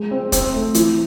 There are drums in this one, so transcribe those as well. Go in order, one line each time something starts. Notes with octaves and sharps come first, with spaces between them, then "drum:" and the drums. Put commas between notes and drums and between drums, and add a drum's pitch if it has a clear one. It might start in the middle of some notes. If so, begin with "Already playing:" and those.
Already playing: G#3
C4
C4, drum: kick, hi-hat
A3
E3, drum: hi-hat